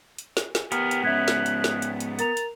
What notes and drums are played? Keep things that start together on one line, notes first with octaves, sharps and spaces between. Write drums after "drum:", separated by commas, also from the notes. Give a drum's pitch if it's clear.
drum: hi-hat
drum: snare
drum: snare
B3 G4 A#4 F6, drum: hi-hat
drum: hi-hat
G#2 C#4 E5 F#6 G#6 B6
drum: snare
drum: hi-hat
drum: snare
drum: hi-hat
drum: hi-hat
A#4 A#5 A6 F7, drum: hi-hat
drum: hi-hat